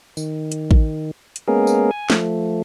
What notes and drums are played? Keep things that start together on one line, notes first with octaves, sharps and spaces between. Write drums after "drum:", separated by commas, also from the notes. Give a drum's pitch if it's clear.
D#3, drum: tambourine
drum: hi-hat
drum: kick A1
drum: hi-hat
G#3 A#3 B3 C#4 G#4 A#4
drum: tambourine
G#5
F3 A3, drum: snare